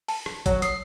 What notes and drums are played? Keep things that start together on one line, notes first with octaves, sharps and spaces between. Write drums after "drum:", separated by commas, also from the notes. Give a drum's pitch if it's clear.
A5, drum: open hi-hat
drum: rim click
F#3, drum: kick, hi-hat
D#6 C7, drum: hi-hat